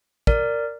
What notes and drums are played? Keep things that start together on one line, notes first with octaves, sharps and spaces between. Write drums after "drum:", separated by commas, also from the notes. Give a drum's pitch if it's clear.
A#4 D5, drum: kick